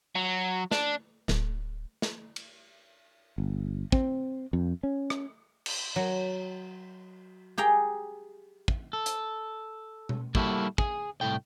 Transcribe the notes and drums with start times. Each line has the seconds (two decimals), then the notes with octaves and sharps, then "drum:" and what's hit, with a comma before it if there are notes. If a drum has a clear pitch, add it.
0.15 F#3
0.71 D4, drum: snare
1.28 D1, drum: snare
2.02 drum: snare
2.36 drum: cymbal
3.38 G1
3.92 C4, drum: kick
4.53 F2
4.83 C#4
5.10 drum: rim click
5.66 drum: cymbal
5.96 F#3
7.58 G4 G#4 G5 A#5
8.68 drum: kick
8.93 A4
9.06 drum: hi-hat
10.09 drum: tom B2
10.35 G3 A#3 E4 F#4 G4 A4, drum: kick
10.78 G#4, drum: kick
11.21 C2 A2 A3 G5